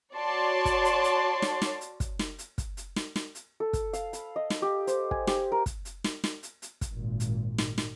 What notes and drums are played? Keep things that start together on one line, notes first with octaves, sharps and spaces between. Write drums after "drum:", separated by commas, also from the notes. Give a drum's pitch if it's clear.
F#4 C#5 D5 A5 C6
drum: kick, hi-hat
drum: hi-hat
drum: hi-hat
drum: snare
drum: snare
drum: hi-hat
drum: kick, hi-hat
drum: snare
drum: hi-hat
drum: kick, hi-hat
drum: hi-hat
drum: snare
drum: snare
drum: hi-hat
A4
drum: kick, hi-hat
F5, drum: hi-hat
B5, drum: hi-hat
D#5
drum: snare
G4
C5, drum: hi-hat
G#5, drum: kick
G4, drum: snare
A#4
drum: kick, hi-hat
drum: hi-hat
drum: snare
drum: snare
drum: hi-hat
drum: hi-hat
drum: kick, hi-hat
G#1 A#2
drum: hi-hat
drum: snare
drum: snare